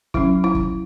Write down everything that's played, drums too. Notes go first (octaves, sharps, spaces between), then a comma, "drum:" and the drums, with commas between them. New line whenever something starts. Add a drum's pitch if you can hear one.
F#3 C#4 E4, drum: kick
E4
drum: kick